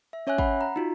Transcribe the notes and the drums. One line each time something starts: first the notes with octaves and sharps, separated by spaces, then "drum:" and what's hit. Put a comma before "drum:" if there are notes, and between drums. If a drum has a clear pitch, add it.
E5
C#4 C#5 E5 G#5 F#6
F#5 B5, drum: kick
A#5
D#4 F4 F#4